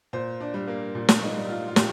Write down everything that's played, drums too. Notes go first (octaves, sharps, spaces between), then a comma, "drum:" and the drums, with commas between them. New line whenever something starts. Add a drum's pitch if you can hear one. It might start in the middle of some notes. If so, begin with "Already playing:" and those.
A#2 C5
D4
G3
A#3
A#2
drum: snare
D#4
G3
F4
F4
A#2 G4, drum: snare